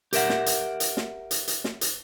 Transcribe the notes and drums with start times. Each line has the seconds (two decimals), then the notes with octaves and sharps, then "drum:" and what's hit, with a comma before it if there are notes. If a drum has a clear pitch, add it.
0.13 G4 A#4 E5 F#5, drum: hi-hat
0.29 drum: snare
0.46 drum: hi-hat
0.80 drum: hi-hat
0.97 drum: snare
1.31 drum: hi-hat
1.48 drum: hi-hat
1.64 drum: snare
1.81 drum: hi-hat